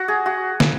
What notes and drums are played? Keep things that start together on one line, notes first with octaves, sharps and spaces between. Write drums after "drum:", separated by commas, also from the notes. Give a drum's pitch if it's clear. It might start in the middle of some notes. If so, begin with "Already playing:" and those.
Already playing: F#4
G#4
F#4
drum: snare